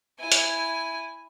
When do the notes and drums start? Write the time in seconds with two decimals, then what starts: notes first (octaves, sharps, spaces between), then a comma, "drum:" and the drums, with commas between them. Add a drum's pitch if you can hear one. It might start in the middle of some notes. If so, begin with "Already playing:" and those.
0.19 E4 G#5
0.32 drum: hi-hat